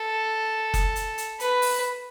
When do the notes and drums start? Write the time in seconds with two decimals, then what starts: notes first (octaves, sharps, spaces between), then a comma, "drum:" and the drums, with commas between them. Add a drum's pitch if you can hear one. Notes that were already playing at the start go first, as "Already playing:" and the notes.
Already playing: A4
0.74 drum: kick F#1, hi-hat
0.96 drum: hi-hat
1.18 drum: hi-hat
1.40 B4, drum: hi-hat
1.62 drum: open hi-hat